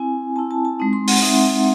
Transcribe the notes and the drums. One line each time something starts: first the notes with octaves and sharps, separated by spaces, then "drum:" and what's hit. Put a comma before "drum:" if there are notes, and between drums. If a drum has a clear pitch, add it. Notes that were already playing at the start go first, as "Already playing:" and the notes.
Already playing: C4 E4 G#5
C4 E4 A5
A5
A5
G#3 C4 D#4
C6
F#5, drum: open hi-hat
G#3 C4 D#4 E5